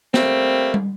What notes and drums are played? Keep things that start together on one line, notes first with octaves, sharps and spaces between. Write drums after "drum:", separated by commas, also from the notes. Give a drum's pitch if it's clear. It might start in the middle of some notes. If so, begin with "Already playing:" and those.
G3 A3 A#3 C4, drum: snare
drum: tom